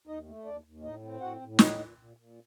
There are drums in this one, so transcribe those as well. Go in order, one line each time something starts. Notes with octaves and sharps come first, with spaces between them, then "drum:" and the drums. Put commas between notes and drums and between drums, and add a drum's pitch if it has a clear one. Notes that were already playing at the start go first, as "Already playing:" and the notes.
D#2 D#4 D#5
A3
D#2 D4 D5
D#2
A2 D#4 D#5
C4
A2 F#4 F#5
A2
A#2 D#4 D#5, drum: snare
A#2
A#2
A#2